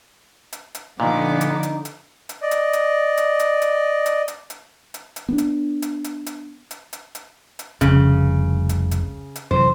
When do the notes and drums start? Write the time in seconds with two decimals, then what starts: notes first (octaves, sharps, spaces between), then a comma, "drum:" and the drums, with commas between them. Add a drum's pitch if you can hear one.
0.52 drum: hi-hat
0.75 drum: hi-hat
1.00 A#2 D3 F3 B3 D#4 D6
1.41 drum: hi-hat
1.63 drum: hi-hat
1.85 drum: hi-hat
2.29 drum: hi-hat
2.42 D5 D#5
2.51 drum: hi-hat
2.73 drum: hi-hat
3.17 drum: hi-hat
3.39 drum: hi-hat
3.62 drum: hi-hat
4.06 drum: hi-hat
4.28 drum: hi-hat
4.50 drum: hi-hat
4.94 drum: hi-hat
5.16 drum: hi-hat
5.29 B3 D4
5.38 drum: hi-hat
5.82 drum: hi-hat
6.04 drum: hi-hat
6.26 drum: hi-hat
6.71 drum: hi-hat
6.93 drum: hi-hat
7.15 drum: hi-hat
7.59 drum: hi-hat
7.81 F1 C2 F2 C#3, drum: hi-hat
8.69 drum: hi-hat
8.91 drum: hi-hat
9.36 drum: hi-hat
9.51 F#2 C3 E3 C5